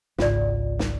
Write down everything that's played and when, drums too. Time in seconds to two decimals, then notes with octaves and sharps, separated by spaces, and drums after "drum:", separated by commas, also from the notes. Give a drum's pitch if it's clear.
0.18 G#1 C#2 F4 D5, drum: snare
0.79 drum: snare